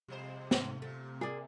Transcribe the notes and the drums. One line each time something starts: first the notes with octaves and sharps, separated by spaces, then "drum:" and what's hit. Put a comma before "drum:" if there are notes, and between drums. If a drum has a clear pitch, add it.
F2 C3 G3 C5
G#2 A3, drum: snare
A#2 A3
A#3 G#4 D5